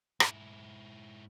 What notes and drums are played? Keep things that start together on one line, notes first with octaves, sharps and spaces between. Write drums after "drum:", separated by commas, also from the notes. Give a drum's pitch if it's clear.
G#2 E4, drum: rim click